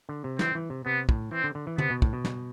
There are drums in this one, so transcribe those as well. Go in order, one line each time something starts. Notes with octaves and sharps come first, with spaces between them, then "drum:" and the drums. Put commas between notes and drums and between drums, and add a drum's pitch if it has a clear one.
D3
C3
E3 C4, drum: snare
E3
C3
C3 B3
A2, drum: kick
E3 C4
D3
D3
E3
C3 B3, drum: tom
B2
A2, drum: kick
B2
drum: snare